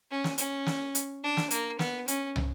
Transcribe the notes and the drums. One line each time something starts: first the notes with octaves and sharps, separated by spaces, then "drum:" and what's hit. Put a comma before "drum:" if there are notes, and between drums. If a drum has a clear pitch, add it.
C#4
drum: snare
C#4, drum: hi-hat
drum: snare
drum: hi-hat
D4
drum: snare
A#3, drum: hi-hat
B3, drum: snare
C#4, drum: hi-hat
drum: tom